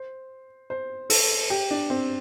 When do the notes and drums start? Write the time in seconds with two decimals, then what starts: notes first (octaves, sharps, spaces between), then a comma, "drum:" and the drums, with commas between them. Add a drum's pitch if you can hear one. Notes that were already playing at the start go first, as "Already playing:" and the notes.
Already playing: C5
0.70 C5
1.10 A4, drum: open hi-hat
1.50 G4
1.71 D4
1.90 C4